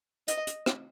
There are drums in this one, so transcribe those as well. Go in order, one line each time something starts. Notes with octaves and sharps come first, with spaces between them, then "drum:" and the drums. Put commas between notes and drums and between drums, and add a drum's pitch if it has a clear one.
D#5, drum: hi-hat
drum: hi-hat
drum: rim click